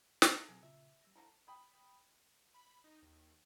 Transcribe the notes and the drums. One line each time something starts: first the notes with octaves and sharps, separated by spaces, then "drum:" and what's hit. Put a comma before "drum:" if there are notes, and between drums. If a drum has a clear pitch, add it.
drum: snare
B2 F#3 C4 G#4 C#5
A#2 C#3 F4 E5
G3 E6 A#6
D3 F3 E4 A#5
G5 B5 D#6
B5
D#4
D#2